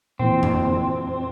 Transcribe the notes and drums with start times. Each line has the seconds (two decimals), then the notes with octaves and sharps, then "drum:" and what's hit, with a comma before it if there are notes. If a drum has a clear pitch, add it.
0.19 A#2 E3 C4
0.43 drum: tom F2